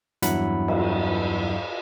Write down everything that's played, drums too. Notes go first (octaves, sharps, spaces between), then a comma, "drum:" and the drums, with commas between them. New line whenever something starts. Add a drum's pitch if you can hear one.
E2 G2 F#3 E4 F#5 B5, drum: hi-hat
drum: cymbal